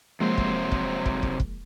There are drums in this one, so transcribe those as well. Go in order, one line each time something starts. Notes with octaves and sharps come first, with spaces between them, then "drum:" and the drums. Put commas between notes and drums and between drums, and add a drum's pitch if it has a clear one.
C3 F3 F#3 G#3 A#3 C5
drum: kick
drum: kick
drum: kick
drum: kick
drum: kick